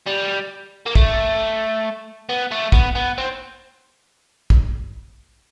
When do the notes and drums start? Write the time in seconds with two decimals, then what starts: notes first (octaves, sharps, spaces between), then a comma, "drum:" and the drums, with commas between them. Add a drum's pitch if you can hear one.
0.07 G3
0.86 A#3
0.95 A3, drum: kick
2.29 B3
2.51 A3
2.72 B3, drum: kick
2.95 B3
3.18 C4
4.50 drum: kick